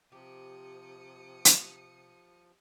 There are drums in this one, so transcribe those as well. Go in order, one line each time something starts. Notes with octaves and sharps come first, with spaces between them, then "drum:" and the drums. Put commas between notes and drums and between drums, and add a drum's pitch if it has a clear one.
C3 F3 G4 D#6 C#7
drum: hi-hat